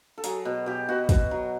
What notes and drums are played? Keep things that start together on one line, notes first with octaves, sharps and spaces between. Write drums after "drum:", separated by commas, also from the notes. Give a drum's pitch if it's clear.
A4
F#3 G#4, drum: hi-hat
B2
B2 G4
B2 F#4
B2, drum: kick, hi-hat
F#3